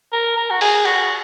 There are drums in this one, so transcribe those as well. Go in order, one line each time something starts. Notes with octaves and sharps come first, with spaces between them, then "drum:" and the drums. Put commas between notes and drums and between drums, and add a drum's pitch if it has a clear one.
A#4
A#4
F#4
G#4, drum: open hi-hat
F#4, drum: cymbal